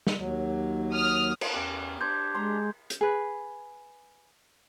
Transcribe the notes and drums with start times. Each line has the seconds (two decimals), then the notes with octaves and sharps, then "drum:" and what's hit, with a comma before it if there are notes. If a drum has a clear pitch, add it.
0.07 drum: snare
0.17 D#2 F#3
0.93 D#6 F6
1.41 drum: cymbal
1.54 E2 C#4 G4
2.01 D4 G4 C5 G6 G#6
2.35 G#3 A#5 C6
2.90 drum: hi-hat
3.01 G#4 B4